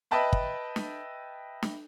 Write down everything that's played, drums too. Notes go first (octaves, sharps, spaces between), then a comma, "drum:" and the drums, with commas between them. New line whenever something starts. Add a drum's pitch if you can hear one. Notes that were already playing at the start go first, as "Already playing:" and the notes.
B4 D#5 E5 G5 A5 B5
drum: kick
drum: snare
drum: snare